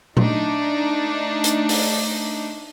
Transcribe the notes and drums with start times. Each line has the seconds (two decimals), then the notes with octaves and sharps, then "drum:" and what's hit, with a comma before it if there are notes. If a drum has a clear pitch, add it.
0.17 A3 D4 D#4, drum: tom A#2
1.44 drum: hi-hat
1.69 drum: open hi-hat